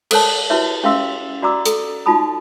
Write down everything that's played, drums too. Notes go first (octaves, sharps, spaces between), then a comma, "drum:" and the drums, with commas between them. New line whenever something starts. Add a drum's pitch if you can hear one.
A4 A#4 C5 C#5 A5, drum: cymbal
E4 F#4 G4 B4 C#5 E5
C#4 G4 E5 F5 C6 E6
F#4 D5 A#5 D6 E6
A4, drum: hi-hat
D#4 F4 F#4 A5 B5 D#6